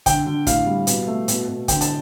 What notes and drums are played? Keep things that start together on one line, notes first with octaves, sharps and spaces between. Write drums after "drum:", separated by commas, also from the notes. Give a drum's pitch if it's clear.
D3 G5, drum: kick, hi-hat
D3
A2 F5, drum: kick, hi-hat
G3
B2, drum: hi-hat
A3
B2, drum: hi-hat
B2
D3 G5, drum: kick, hi-hat
A5, drum: hi-hat